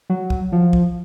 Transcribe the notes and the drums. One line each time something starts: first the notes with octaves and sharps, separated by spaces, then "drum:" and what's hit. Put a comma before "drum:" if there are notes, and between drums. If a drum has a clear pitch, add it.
F#3
drum: kick
F3
drum: kick